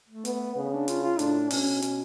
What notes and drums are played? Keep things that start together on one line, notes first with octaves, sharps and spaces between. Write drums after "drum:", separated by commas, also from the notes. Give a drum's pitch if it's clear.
A3
B3, drum: hi-hat
C#3 B3
D4
F4, drum: hi-hat
F4
A2 D4, drum: hi-hat
B2 C#4, drum: open hi-hat
C#4, drum: hi-hat